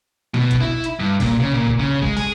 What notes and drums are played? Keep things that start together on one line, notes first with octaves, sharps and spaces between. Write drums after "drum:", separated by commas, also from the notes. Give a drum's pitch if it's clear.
B2, drum: snare
drum: kick, hi-hat
E4
drum: hi-hat
G2
A#2, drum: kick, open hi-hat
C#3
A#2
drum: kick
C#3
G#3, drum: kick
G#4, drum: open hi-hat